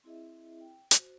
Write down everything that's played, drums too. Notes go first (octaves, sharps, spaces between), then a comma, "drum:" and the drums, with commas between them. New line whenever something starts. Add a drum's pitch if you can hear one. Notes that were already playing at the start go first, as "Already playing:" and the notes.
C4 E4 G#4 D#5 E5
G5
F#4 C5, drum: hi-hat